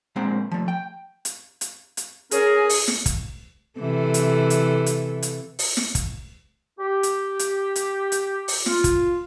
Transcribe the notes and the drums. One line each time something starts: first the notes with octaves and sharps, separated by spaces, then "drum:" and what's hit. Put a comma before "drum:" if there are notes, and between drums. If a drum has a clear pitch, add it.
A#2 G#3 C4 C5 F#5
F3 A3
G5
drum: hi-hat
drum: hi-hat
drum: hi-hat
C#4 G#4 A#4, drum: hi-hat
drum: open hi-hat
drum: snare
drum: kick, hi-hat
C3 E3 A4
drum: hi-hat
drum: hi-hat
drum: hi-hat
drum: hi-hat
drum: open hi-hat
drum: snare
drum: kick, hi-hat
G4
drum: hi-hat
drum: hi-hat
drum: hi-hat
drum: hi-hat
drum: open hi-hat
F4, drum: snare
drum: kick, hi-hat